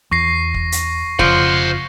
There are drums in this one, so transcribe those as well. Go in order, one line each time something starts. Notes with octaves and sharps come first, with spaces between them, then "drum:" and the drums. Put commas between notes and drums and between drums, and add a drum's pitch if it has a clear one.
E2 C#6 A#6 C7
drum: kick
drum: hi-hat
F1 C#3 F3 C5 F#5, drum: kick